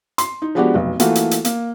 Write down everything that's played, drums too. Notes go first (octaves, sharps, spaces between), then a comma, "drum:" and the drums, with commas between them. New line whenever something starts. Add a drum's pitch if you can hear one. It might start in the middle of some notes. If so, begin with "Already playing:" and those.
C6, drum: hi-hat
D#4
F3 G#3 B3 D4 F#4 G4
F1 B1
E3 A3 A#3 F4 F#4, drum: hi-hat
drum: hi-hat
drum: hi-hat
A#3, drum: hi-hat